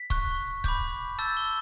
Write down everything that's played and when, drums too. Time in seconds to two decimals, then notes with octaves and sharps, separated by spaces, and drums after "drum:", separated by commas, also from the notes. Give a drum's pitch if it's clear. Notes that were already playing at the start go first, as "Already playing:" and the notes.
Already playing: B6
0.10 C#6 F#6, drum: kick C#1
0.64 B5 D6 G6, drum: kick C#1
1.19 A5 E6 G6 A6
1.37 G7